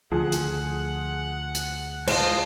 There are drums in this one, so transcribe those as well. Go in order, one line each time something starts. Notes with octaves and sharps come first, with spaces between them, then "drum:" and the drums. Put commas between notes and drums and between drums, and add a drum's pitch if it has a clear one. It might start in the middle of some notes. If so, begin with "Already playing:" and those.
D2 F3 G#4 F#5
drum: hi-hat
drum: hi-hat
G#3 F4 C5 D#5 A5 E7, drum: cymbal